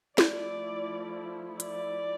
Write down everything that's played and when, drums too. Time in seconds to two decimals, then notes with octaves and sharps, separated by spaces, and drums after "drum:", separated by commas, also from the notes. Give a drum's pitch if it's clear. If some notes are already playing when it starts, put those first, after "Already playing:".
0.18 F3 A3 E4 D5, drum: snare
1.60 D5, drum: hi-hat